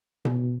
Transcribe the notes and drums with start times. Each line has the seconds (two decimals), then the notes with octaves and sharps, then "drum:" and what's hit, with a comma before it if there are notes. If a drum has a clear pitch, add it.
0.25 B2, drum: tom B2